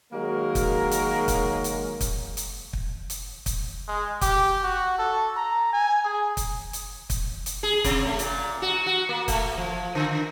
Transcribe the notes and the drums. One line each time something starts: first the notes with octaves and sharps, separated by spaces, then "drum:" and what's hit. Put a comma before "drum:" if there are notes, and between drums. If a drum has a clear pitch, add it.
D#3 F#3 G#3 A#3 F#4 A#4
drum: kick, hi-hat
drum: hi-hat
drum: kick, hi-hat
drum: hi-hat
drum: kick, hi-hat
drum: hi-hat
drum: kick
drum: hi-hat
drum: kick, hi-hat
G#3
G4, drum: kick, hi-hat
F#4
A4
A#5
G#5
G#4
drum: kick, hi-hat
drum: hi-hat
drum: kick, hi-hat
drum: hi-hat
G#4
C3, drum: kick, hi-hat
A3
A#2, drum: hi-hat
F#4
F#4
A#3
A3, drum: kick, hi-hat
F3
D3